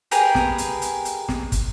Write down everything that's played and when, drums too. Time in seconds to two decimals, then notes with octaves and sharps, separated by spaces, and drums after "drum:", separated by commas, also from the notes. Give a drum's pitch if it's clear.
0.11 G4 G#4 A#4 B4, drum: hi-hat
0.35 drum: snare
0.58 drum: hi-hat
0.82 drum: hi-hat
1.05 drum: hi-hat
1.29 drum: snare
1.52 drum: kick, hi-hat